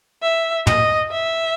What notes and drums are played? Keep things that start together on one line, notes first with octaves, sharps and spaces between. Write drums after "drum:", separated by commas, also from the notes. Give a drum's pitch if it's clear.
E5
D#5, drum: tom
E5